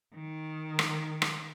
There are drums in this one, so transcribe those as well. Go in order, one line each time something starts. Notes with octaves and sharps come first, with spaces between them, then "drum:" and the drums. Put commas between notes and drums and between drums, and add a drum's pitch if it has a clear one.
D#3
drum: rim click
drum: rim click